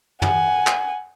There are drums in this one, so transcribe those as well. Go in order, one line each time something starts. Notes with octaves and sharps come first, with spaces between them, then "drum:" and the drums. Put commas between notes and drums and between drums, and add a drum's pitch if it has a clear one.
F#5 G#5, drum: tom
drum: clap